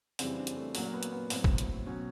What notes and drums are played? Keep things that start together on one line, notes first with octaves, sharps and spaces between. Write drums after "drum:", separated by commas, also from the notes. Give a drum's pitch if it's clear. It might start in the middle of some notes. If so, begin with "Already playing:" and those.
F2 C#3 E3 G3 C4, drum: open hi-hat
D4
drum: hi-hat
A3
A#2 F#3 A#3, drum: open hi-hat
A#3
B3
drum: hi-hat
B3
A2 F#3 C4, drum: open hi-hat
drum: kick
drum: hi-hat
B2 F#3 C#4